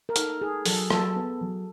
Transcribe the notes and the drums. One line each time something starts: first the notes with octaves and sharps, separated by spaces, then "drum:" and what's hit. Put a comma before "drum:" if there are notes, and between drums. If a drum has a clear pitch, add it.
A#4
D#4 A4, drum: hi-hat
D#4 G#4
F#3 A4, drum: open hi-hat
F#3 A4, drum: rim click
B3
F#3